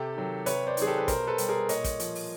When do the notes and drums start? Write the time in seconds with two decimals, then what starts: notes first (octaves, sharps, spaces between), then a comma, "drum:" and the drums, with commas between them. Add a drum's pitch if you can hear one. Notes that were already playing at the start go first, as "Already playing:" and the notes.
Already playing: C3 G4 A4
0.15 D#3 F#3
0.46 C3 B4 C#5, drum: hi-hat
0.67 C5 D5
0.77 D#3 F#3 G#4, drum: hi-hat
0.87 G4 A4
0.98 B4
1.08 B2 A#4 C5, drum: kick, hi-hat
1.27 A4 B4
1.38 G3, drum: hi-hat
1.49 G#4 A#4
1.69 A#2 C#5 D#5, drum: hi-hat
1.84 drum: kick, hi-hat
2.00 F3, drum: hi-hat
2.15 drum: open hi-hat